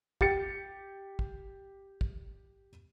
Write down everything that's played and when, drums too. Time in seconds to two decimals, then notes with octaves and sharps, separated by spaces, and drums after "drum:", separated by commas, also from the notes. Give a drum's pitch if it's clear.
0.21 G4 A6 C#7, drum: kick
1.19 drum: kick
2.01 drum: kick